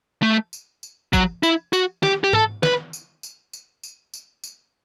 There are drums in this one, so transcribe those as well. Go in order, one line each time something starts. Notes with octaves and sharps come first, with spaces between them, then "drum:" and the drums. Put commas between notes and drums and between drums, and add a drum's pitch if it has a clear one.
A3
drum: tambourine
drum: tambourine
F#3, drum: kick G#1, tambourine
E4, drum: tambourine
F#4, drum: tambourine
G4, drum: snare
G4
A4, drum: tom G#2
B4, drum: snare
drum: tambourine
drum: tambourine
drum: tambourine
drum: tambourine
drum: tambourine
drum: tambourine